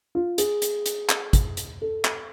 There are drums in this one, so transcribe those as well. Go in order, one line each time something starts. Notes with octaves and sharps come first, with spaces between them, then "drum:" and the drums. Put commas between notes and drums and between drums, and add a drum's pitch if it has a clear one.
F4
G#4, drum: hi-hat
drum: hi-hat
drum: hi-hat
drum: clap
drum: kick, hi-hat
drum: hi-hat
A4
drum: clap